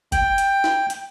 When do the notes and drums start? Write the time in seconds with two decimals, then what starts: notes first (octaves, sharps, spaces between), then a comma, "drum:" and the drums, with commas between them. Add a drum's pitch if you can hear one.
0.12 G5, drum: kick, hi-hat
0.38 drum: hi-hat
0.64 drum: snare
0.90 drum: hi-hat